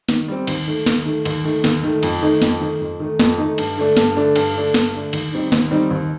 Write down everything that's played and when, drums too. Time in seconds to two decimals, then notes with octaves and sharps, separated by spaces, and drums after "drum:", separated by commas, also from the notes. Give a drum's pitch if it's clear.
0.09 D#3, drum: snare
0.28 G3 C4
0.47 D#2, drum: cymbal
0.67 D#3 A3
0.86 D#2, drum: snare
1.05 D#3 A3
1.25 D#2, drum: cymbal
1.44 D#3 A3
1.64 D#2, drum: snare
1.83 D#3 A3
2.03 F2, drum: cymbal
2.22 D#3 A3 D#4
2.42 F2, drum: snare
2.61 D#3 A3 D#4
2.80 F2
3.00 D#3 A3 D#4
3.20 F2, drum: snare
3.38 D#3 A3 D#4
3.58 G2, drum: cymbal
3.77 D3 A3 D4
3.97 G2, drum: snare
4.16 D3 A3 D4
4.36 G2, drum: cymbal
4.55 D3 A3 D4
4.74 G2, drum: snare
4.93 D3 A3 D4
5.13 D#2, drum: cymbal
5.32 D#3 G3 C4 D#4
5.52 D#2, drum: snare
5.71 D#3 G3 C4 D#4
5.91 D#2